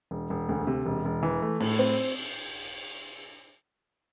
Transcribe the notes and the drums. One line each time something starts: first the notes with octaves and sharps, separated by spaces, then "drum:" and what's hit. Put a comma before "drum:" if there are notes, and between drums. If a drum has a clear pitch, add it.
E1
E1
D2
C3
E1
E1
E3
A3
A2, drum: cymbal
C4